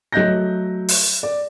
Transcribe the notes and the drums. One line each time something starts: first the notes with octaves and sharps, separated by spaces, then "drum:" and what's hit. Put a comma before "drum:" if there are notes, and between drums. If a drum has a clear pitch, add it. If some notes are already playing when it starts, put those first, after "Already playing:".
F#3 A3 D#5 F#6 G6 A#6
drum: open hi-hat
D5